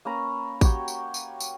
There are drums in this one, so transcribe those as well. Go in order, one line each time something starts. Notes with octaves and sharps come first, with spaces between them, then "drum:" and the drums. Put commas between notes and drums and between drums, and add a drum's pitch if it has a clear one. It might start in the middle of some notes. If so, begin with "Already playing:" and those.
A#3 C#4 B4 A#5
F#4 G4 C#5 G5, drum: kick A1, tambourine
drum: tambourine
drum: tambourine
drum: tambourine